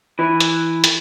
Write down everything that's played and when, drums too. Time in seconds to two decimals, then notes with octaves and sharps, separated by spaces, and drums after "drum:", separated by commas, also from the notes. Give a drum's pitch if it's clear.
0.19 E3
0.40 drum: hi-hat
0.84 drum: hi-hat